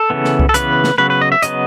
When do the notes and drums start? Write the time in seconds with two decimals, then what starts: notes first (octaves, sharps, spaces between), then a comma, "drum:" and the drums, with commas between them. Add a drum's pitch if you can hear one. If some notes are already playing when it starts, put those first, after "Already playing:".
Already playing: A4
0.10 C#3 E3 B3
0.25 drum: snare
0.39 drum: kick C2
0.49 A4
0.54 C#3 E3 B3 B4, drum: hi-hat
0.84 drum: snare
0.98 C#3 F#3 B3 B4
1.10 B4
1.21 D#5
1.32 E5
1.42 C#3 F#3 B3 D#5, drum: hi-hat